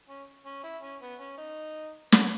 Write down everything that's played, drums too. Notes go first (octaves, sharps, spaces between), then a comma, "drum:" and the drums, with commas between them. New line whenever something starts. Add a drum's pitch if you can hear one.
C#4
C#4
E4
C#4
B3
C#4
D#4
B3, drum: snare